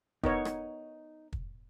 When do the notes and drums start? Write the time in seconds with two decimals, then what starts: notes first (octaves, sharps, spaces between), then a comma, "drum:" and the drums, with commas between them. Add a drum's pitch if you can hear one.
0.24 B3 D#4 A#4 C#5, drum: kick
0.45 drum: rim click
1.33 drum: kick